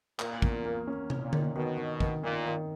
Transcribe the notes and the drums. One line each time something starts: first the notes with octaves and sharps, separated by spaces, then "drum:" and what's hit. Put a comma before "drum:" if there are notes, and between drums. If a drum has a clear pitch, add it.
A#2 A#3, drum: clap
E2, drum: kick
A#3
C#4
C#4, drum: tom
A#2
D#3, drum: tom D3
B2 D#3
D#3
D#3, drum: kick
A#2 D#3
D#3